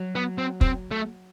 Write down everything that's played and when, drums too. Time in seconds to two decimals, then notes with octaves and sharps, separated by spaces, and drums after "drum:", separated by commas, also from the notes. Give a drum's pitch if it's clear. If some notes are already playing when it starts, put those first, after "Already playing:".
Already playing: F#3
0.15 B3
0.38 C4
0.61 C4, drum: kick
0.91 A3